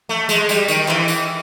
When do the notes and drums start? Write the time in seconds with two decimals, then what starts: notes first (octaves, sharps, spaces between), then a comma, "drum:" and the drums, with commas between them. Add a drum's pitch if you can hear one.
0.09 A3
0.29 G#3, drum: tambourine
0.49 G3, drum: tambourine
0.68 D#3, drum: tambourine
0.88 E3, drum: clap
1.08 drum: tambourine